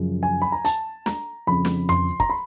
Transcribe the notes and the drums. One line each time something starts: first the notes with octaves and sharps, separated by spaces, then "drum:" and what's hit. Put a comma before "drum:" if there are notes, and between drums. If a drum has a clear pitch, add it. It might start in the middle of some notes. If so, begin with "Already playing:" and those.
Already playing: F#2 C#3 F3
G#5
B5
A#5
A5, drum: hi-hat
A#5, drum: snare
F2 C#3 F3 B5
drum: snare
C6, drum: tom F2
A#5, drum: kick
B5